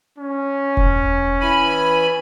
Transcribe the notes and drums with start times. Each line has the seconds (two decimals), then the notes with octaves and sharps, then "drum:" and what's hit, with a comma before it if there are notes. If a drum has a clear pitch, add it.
0.18 C#4
0.77 drum: kick E1
1.40 E3 G#5 B5